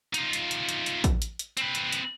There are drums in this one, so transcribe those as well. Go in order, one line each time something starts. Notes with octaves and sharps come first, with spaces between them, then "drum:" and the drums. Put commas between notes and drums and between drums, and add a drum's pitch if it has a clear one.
D#4 F4, drum: hi-hat
drum: hi-hat
drum: hi-hat
drum: hi-hat
drum: hi-hat
drum: kick, hi-hat
drum: hi-hat
drum: hi-hat
C4 B4, drum: hi-hat
drum: hi-hat
drum: hi-hat